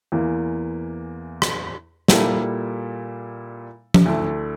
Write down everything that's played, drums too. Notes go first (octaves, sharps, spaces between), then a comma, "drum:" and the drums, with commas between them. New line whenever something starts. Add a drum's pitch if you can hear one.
E2 E3 A#3
drum: rim click
A#2 G3 A#3 E4 A4, drum: snare
drum: tom F3
D2 D3 A3 E4 A4